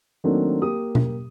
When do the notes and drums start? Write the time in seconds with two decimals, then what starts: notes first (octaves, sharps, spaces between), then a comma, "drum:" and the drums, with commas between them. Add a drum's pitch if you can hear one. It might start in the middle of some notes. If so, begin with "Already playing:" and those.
0.24 D#3 F#3 A3 A#3 C4 D4
0.62 A#3 G4 D#6
0.95 drum: tom B2